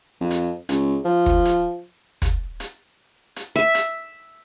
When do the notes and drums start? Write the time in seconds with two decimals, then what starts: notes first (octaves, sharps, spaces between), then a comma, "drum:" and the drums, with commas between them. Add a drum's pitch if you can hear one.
0.21 F2
0.31 drum: hi-hat
0.69 C#2, drum: hi-hat
1.05 F3
1.26 drum: kick
1.45 drum: hi-hat
2.22 drum: kick, hi-hat
2.60 drum: hi-hat
3.36 drum: hi-hat
3.56 E5
3.75 drum: hi-hat